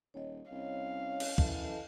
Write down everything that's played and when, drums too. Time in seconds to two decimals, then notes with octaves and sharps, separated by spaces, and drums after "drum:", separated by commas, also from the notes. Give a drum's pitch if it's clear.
0.14 D#1 C#5 D#5
0.51 C2 C#4 F5
1.20 drum: cymbal
1.38 F#2 E3 A4 D#5 A5, drum: kick